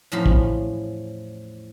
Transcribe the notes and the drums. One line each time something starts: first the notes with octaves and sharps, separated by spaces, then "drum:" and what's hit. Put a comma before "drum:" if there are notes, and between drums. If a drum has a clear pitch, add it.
E2 A2 F3 C#4 B5 C6
drum: kick